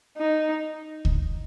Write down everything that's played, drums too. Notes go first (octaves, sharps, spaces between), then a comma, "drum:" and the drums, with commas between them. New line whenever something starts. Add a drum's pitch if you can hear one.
D#4
drum: kick C#2